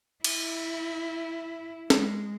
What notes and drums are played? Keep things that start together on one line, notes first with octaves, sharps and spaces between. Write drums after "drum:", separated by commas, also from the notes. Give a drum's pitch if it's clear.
E4, drum: cymbal
G#3, drum: snare